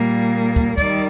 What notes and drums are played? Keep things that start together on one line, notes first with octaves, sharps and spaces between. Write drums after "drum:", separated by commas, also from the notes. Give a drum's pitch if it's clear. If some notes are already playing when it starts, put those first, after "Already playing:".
Already playing: A#2 G3 A#3
drum: kick
D#3 G3 D5, drum: kick, hi-hat